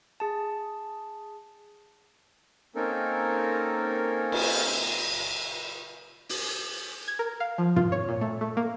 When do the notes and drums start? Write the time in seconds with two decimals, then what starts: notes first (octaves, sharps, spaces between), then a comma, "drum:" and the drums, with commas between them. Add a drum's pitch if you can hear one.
0.20 G#4 A5
2.76 A#3 C4 C#4 D#4 A4 A#4
4.32 drum: cymbal
6.29 drum: open hi-hat
7.08 G#6
7.19 A#4
7.40 F5
7.58 F3
7.76 F4, drum: tom
7.92 C#5
8.09 A#2
8.21 A3
8.41 A3
8.57 A#3